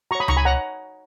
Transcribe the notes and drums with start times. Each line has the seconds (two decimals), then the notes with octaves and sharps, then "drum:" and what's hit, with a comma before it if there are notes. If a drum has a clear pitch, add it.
0.11 F#4 C#5 A#5 C#6
0.20 B5 D#6
0.28 D#4 A#5 C#6, drum: tom C#2
0.37 G#5 B5
0.45 C#5 F#5 A#5